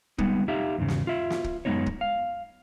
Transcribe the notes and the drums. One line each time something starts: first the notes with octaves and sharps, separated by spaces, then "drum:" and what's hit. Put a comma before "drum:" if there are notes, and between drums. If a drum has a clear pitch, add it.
G3 G#3 B3 D#4, drum: kick
D#4 G4 E5 F5
E2 G#2 C#3
drum: snare
F4 E5
drum: snare
drum: kick
F#2 G#3 B3 D#4 C#5
drum: kick
F5